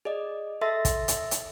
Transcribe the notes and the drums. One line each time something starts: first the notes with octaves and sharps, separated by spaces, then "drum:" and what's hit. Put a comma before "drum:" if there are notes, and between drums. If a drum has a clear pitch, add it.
G#4 D5 D#5
A4 E5 C6 E6 A6 A#6
drum: kick, hi-hat
drum: hi-hat
drum: hi-hat